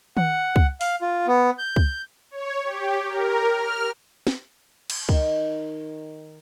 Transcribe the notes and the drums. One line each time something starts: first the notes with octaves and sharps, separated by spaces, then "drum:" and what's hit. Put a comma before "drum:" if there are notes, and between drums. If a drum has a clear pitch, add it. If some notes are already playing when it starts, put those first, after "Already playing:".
F#5, drum: tom D#3
drum: kick
F5, drum: open hi-hat
F4
B3
G6
drum: kick
C#5
G4
A#4
F6
drum: snare
drum: cymbal
D#3, drum: kick